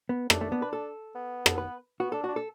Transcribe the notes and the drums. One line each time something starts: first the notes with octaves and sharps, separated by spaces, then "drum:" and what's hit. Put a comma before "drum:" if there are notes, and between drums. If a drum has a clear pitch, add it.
B3
A3 D4, drum: rim click
A3
B3
B4
A4
B3
A4, drum: rim click
B4
B3 F#4
D4 A4
D4 F#4
A4